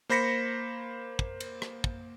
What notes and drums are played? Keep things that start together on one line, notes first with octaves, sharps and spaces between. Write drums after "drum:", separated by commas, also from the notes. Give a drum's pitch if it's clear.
A#3 C5 B5 A#6 B6 C#7
drum: kick
drum: cymbal
drum: rim click
drum: kick